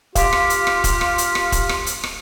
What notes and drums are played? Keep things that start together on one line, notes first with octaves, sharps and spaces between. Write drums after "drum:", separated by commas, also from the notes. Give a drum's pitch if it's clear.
F4 G4 F5 C6, drum: kick E1, hi-hat
drum: rim click
drum: hi-hat
drum: rim click
drum: kick E1, hi-hat
drum: rim click
drum: hi-hat
drum: rim click
drum: kick E1, hi-hat
drum: rim click
drum: hi-hat
drum: rim click